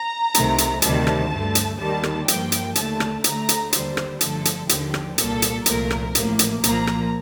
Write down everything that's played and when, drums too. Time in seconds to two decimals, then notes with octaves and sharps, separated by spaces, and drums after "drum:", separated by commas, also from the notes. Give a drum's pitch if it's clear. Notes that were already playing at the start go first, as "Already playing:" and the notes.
Already playing: A#5
0.34 C2 C3 D#3 A3, drum: hi-hat
0.58 drum: hi-hat
0.82 D2 C3 D#3 G3 A5, drum: hi-hat
1.07 drum: rim click
1.31 G2 D3 A3
1.55 drum: hi-hat
1.79 D#2 D#3 G3 A5
2.03 drum: rim click
2.28 G2 F3 A#3 G5, drum: hi-hat
2.52 drum: hi-hat
2.75 D#2 D3 A3 A5, drum: hi-hat
3.00 drum: rim click
3.24 D2 D3 A3 A#5, drum: hi-hat
3.49 drum: hi-hat
3.73 D#2 D3 G3 C5, drum: hi-hat
3.97 drum: rim click
4.21 G1 G2 D3 F3 A3 A4, drum: hi-hat
4.45 drum: hi-hat
4.69 D#2 D3 F3 G4, drum: hi-hat
4.94 drum: rim click
5.18 C2 A#2 G3 A#3 A4, drum: hi-hat
5.42 drum: hi-hat
5.66 C2 A#2 F3 A3 A#4, drum: hi-hat
5.91 drum: rim click
6.15 A1 A2 F3 A#3, drum: hi-hat
6.39 drum: hi-hat
6.64 C2 A#2 F3 A#3 A#5, drum: hi-hat
6.87 drum: rim click